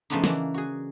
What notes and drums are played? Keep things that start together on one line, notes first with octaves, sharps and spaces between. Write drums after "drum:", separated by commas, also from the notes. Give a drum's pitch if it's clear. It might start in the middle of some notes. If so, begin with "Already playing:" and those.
C#3 F3 A3 B3 D4 D#4
E3 A#3, drum: snare
F#4 G#4